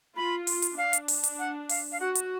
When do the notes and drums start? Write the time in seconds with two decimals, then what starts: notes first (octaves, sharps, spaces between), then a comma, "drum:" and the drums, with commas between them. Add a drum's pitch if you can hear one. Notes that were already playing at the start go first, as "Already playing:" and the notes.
0.16 F4 B5
0.47 drum: open hi-hat
0.62 drum: hi-hat
0.78 D4 F5
0.93 drum: hi-hat
1.08 drum: open hi-hat
1.24 drum: hi-hat
1.39 F#5
1.69 F5, drum: open hi-hat
1.92 F5
2.00 F#4 F#5
2.15 drum: hi-hat